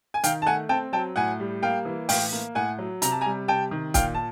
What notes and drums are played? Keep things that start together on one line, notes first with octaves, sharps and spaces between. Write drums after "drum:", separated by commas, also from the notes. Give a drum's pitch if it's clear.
G#5
D#3 F5 G5, drum: hi-hat
A5
A3 F#5 G#5
C4 G5 A5
F#3 G5 A5
A2 F#5 G#5
G3
A#3 F5 G5
E3
A2 F5 G5, drum: open hi-hat
A#3
A2 F#5 G#5
F#3
C3 A#5, drum: hi-hat
A5
G#5 A#5
G3
C3 G5 A5
D#3
A#2 F5 G5, drum: kick, hi-hat
A5